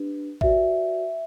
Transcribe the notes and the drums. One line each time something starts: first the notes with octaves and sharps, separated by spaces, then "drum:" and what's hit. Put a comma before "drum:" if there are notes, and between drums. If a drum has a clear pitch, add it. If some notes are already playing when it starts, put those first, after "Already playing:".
Already playing: D4 G4 B4
F#4 B4 D5 E5, drum: kick A1